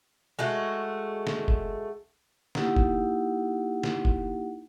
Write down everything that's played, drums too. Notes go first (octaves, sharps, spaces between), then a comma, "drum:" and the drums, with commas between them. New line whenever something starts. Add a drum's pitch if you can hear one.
G#3 A3 F#4
drum: snare
drum: kick F1
A#3 D#4 E4 G4 F#5, drum: snare
drum: kick F1
drum: snare
drum: kick F1